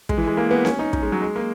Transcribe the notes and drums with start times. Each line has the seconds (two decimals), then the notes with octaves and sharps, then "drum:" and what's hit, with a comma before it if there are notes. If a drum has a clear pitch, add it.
0.09 G#3, drum: kick
0.18 E3
0.27 G#3
0.37 A#3
0.51 B3
0.65 C#4, drum: snare B3
0.79 D#4
0.93 D#4, drum: kick
1.03 G#3
1.12 F#3
1.22 G#3
1.36 A#3